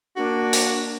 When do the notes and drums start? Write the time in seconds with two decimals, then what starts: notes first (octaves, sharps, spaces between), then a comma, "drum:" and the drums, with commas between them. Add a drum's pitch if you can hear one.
0.17 A#3 D4 F#4
0.53 drum: open hi-hat